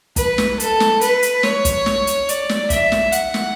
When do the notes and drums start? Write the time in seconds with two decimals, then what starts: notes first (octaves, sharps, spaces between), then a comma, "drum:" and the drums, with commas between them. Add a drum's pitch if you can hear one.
0.16 B4, drum: kick, hi-hat
0.38 drum: snare
0.60 A4, drum: hi-hat
0.80 drum: snare
1.01 B4, drum: hi-hat
1.23 drum: hi-hat
1.43 C#5, drum: snare
1.65 drum: kick, hi-hat
1.86 drum: snare
2.07 drum: hi-hat
2.29 D5, drum: hi-hat
2.49 drum: snare
2.70 E5, drum: kick, hi-hat
2.92 drum: snare
3.12 F#5, drum: hi-hat
3.34 drum: snare